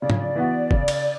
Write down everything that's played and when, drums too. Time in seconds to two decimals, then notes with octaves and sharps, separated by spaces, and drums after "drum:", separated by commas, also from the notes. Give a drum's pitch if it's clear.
0.01 C#3 D5
0.10 C#5, drum: tom G#2
0.17 D5
0.36 E3 B3 F#4
0.71 C#3, drum: kick G1
0.88 drum: cymbal